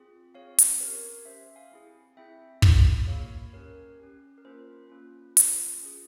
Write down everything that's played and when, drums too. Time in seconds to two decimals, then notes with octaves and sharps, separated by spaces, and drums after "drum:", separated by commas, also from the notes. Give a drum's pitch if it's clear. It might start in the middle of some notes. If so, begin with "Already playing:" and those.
Already playing: C4 F4 G#4
0.35 C4 F4 G#4 C#5 F5
0.58 drum: hi-hat
0.80 C#4 G4 A#4 C#5
1.25 C#4 G4 C5 E5
1.56 F5 G#5
1.72 C4 E4 G#4
2.17 C4 E4 G#4 E5 G5
2.62 A#3 F4 G#4, drum: kick
3.08 A#3 F4 G#4 C#5 F5
3.53 C#4 G4 A#4 C#5
4.00 C#4 G4
4.38 A#4
4.45 A#3 C#4 F4 C5
4.90 A#3 C#4 F4
5.37 C#4 F4 G#4 C5, drum: hi-hat
5.82 C#4 F4 G#4